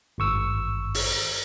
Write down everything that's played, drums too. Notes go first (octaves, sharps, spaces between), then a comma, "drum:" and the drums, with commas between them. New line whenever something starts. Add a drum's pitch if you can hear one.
G#1 G2 C#6 E6
drum: open hi-hat